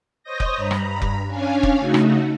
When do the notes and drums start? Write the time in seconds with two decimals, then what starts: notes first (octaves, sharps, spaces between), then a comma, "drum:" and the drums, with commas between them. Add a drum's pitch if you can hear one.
0.23 C5 C#5 D#5 D#6 G6 A#6
0.40 drum: kick F1
0.56 G2 A#5 B5
0.71 drum: rim click
1.02 drum: kick F1
1.28 C#4 D4 C#5 F5 G#5
1.63 drum: kick F1
1.79 C#3 A3 D#4 F#4
1.94 drum: rim click